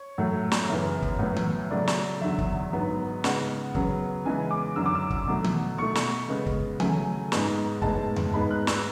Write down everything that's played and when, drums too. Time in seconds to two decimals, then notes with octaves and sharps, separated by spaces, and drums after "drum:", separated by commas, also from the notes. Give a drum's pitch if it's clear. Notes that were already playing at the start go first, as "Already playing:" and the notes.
Already playing: C#5
0.18 A2 F#3 A3
0.52 drum: snare
0.69 F#2 C#3 E3 B3
1.03 drum: kick
1.19 A2 F#3 B3
1.37 drum: tom D#3
1.70 C#3 F#3 A3 D5
1.87 drum: snare
2.21 E2 D3 F#3 E5
2.38 drum: kick
2.73 G#2 F#3 B3
3.24 C#3 G#3 B3 F#5, drum: snare
3.75 C#3 F#3 B3, drum: kick
4.25 C#3 E3 G#3 B3 G#5
4.51 D6
4.76 F#2 D3 F#3 E6
4.86 D6
4.95 E6
5.10 drum: kick
5.28 B2 F#3 A3
5.44 drum: tom D#3
5.78 B2 A3 C#6
5.95 drum: snare
6.29 C#3 G#3 B3
6.46 drum: kick
6.80 C#3 F#3 A3 G#5, drum: tom D#3
7.32 G#2 G#3 B3, drum: snare
7.82 A2 G#3 B3 A5, drum: kick
8.16 drum: tom E2
8.33 G#2 G#3 B3 B5
8.51 F#6
8.67 E6, drum: snare